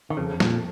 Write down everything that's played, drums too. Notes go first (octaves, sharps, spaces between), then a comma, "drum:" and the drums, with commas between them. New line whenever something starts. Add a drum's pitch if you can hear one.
D#3
F2 C#3
F2
A#2, drum: snare